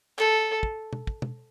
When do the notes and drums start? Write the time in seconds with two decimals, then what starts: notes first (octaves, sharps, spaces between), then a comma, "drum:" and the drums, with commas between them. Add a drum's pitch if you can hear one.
0.19 A4, drum: clap
0.63 drum: kick
0.93 drum: tom
1.07 drum: kick
1.22 drum: tom